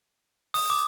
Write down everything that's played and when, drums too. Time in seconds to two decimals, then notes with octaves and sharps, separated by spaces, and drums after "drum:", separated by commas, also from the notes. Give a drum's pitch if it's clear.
0.54 D#6, drum: open hi-hat
0.70 D6